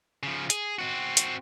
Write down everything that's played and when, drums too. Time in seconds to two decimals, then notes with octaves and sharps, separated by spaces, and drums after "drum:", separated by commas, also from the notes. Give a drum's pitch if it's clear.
0.23 C#3 F3
0.50 G#4, drum: hi-hat
0.79 C4 F#4
1.17 drum: hi-hat